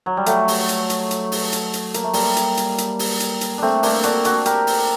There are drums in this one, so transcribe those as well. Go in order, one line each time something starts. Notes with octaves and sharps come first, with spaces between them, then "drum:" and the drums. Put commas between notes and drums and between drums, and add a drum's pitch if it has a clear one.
F#3
G3
F#3 A3, drum: hi-hat
drum: open hi-hat
drum: hi-hat
drum: hi-hat
drum: hi-hat
drum: open hi-hat
drum: hi-hat
drum: hi-hat
A#3, drum: hi-hat
A3
G3 A#3, drum: open hi-hat
drum: hi-hat
drum: hi-hat
drum: hi-hat
drum: open hi-hat
drum: hi-hat
drum: hi-hat
A3 C4 D4
A#3 D4, drum: open hi-hat
D4 F#4, drum: hi-hat
F#4 A4, drum: hi-hat
G4 A#4, drum: hi-hat
drum: open hi-hat